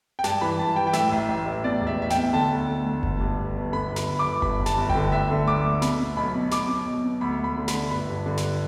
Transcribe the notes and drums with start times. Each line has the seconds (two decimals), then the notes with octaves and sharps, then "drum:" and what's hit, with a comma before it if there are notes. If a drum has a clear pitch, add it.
0.19 G5
0.24 G2 A5, drum: snare
0.41 E3 B5
0.59 G2 A5
0.76 E3 G5
0.87 G5
0.93 A2 E5, drum: snare
1.12 A1
1.28 A1
1.46 A1
1.64 B2 D5
1.80 E1
1.87 E5
1.99 E1 E5
2.10 G5, drum: snare
2.16 B2
2.33 D3 A5
2.50 D2
2.68 D3
2.86 D2
3.03 G1, drum: kick F#1
3.20 G2
3.38 G1
3.56 G1
3.72 D3 B5
3.90 G1
3.96 B5, drum: snare
4.08 G1
4.19 D6
4.25 G1
4.42 G2 B5, drum: kick F#1
4.60 G1
4.66 A5, drum: snare
4.78 G1
4.89 G5, drum: kick F#1
4.95 D3
5.12 D2 E5
5.30 D3
5.47 D2 D6
5.64 D2
5.82 B2 B5, drum: snare
6.00 B2
6.17 B1 B5
6.35 B2
6.51 B1 D6, drum: snare
6.68 B2
6.86 B1
7.04 B2
7.21 D2 B5
7.39 D2
7.44 B5
7.56 D3
7.68 B5, drum: snare
7.74 D3
7.91 G1 B5
8.09 G2
8.26 D3
8.37 drum: snare